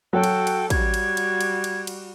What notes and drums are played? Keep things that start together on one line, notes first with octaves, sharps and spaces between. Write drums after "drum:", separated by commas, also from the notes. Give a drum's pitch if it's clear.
F#3 F#4 A4 G5
drum: cymbal
drum: cymbal
G3 F#4 G#6, drum: kick, cymbal
drum: cymbal
drum: cymbal
drum: cymbal
drum: cymbal
drum: cymbal